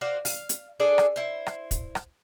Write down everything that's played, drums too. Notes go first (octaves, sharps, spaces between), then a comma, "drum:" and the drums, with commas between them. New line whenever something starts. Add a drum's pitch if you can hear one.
F#4 C5 D5 F5
F5, drum: open hi-hat
drum: hi-hat
D4 G#4 A4 D5
drum: rim click
E4 C5
drum: rim click
drum: kick, hi-hat
drum: rim click